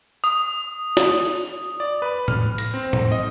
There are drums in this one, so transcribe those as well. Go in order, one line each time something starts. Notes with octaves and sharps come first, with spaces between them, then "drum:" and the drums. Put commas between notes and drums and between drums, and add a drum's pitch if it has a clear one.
D#6, drum: tambourine
drum: snare
D5
B4
F6, drum: tom A2
A#6, drum: hi-hat
C4
drum: tom A2
D#5